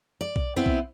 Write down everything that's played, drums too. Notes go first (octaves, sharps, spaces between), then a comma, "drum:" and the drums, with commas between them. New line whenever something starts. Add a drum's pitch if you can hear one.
D5
drum: kick B1
B3 C4 E4
drum: kick B1